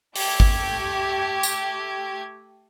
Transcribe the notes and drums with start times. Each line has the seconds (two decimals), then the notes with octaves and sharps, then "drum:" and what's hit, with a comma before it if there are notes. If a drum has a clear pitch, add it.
0.15 A3 G4 G#6, drum: open hi-hat
0.40 drum: kick G#1
1.43 drum: tambourine